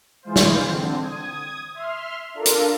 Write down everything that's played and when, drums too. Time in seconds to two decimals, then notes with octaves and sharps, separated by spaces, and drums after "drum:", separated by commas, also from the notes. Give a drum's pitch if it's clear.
0.23 E3 G#3 F4 C5
0.36 drum: snare
0.64 D3 C4
1.02 D#6 G#6
1.74 E5 C6 F6
2.34 D4 F4 A4 A#4
2.46 drum: hi-hat